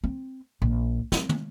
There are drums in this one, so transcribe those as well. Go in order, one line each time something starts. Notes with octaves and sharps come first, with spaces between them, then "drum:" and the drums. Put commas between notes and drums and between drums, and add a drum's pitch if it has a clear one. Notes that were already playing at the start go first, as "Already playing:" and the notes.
C4
A#1
C4, drum: snare
drum: tom